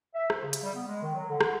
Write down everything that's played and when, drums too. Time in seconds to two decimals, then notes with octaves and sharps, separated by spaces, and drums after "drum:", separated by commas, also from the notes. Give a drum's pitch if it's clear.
0.15 E5
0.30 C5, drum: rim click
0.43 C#3
0.53 drum: hi-hat
0.63 G3
0.75 B3
0.87 G#3
1.02 D#3
1.14 F#3
1.29 D3
1.41 drum: rim click